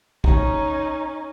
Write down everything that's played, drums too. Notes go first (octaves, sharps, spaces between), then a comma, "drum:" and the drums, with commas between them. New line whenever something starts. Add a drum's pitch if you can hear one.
C#4 D#4, drum: kick